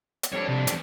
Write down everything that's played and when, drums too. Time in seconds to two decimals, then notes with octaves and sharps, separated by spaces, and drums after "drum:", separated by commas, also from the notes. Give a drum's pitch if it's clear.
0.23 drum: hi-hat
0.33 F2 G3 D4 C#5
0.49 C3
0.67 E2, drum: hi-hat